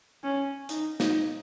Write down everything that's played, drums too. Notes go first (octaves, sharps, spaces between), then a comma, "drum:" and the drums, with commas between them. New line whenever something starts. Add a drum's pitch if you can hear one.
C#4
D#4, drum: hi-hat
D#4, drum: snare